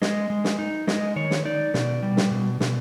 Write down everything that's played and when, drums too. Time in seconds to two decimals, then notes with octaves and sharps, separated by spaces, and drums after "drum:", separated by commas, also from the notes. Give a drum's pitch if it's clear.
0.02 G#3 D#5, drum: snare
0.30 G#3
0.44 drum: snare
0.59 D#4
0.87 G#3 D#5, drum: snare
1.16 D#3 C#5
1.31 drum: snare
1.45 D#4 D5
1.74 B2, drum: snare
2.03 G3
2.17 drum: snare
2.31 B2
2.60 B2, drum: snare